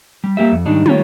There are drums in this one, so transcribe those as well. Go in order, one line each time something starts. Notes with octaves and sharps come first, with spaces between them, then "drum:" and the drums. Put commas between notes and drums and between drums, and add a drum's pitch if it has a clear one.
G3
G3 A#3 G4 E5
F2
G#2 D#3 G3 D4 D#4
D#3 G3 A#3 C#4 F4 C#5, drum: tom